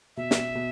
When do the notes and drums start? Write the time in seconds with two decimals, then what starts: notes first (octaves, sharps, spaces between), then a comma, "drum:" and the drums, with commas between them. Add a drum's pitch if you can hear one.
0.17 B2 E5
0.31 drum: snare
0.55 B2